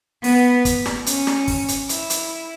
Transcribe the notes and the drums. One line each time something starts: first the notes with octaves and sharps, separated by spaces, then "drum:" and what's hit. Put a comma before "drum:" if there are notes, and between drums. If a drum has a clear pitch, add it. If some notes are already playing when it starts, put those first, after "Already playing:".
B3, drum: open hi-hat
drum: kick, hi-hat
drum: snare
C#4, drum: hi-hat
drum: snare
drum: kick, open hi-hat
drum: hi-hat
E4, drum: hi-hat
drum: hi-hat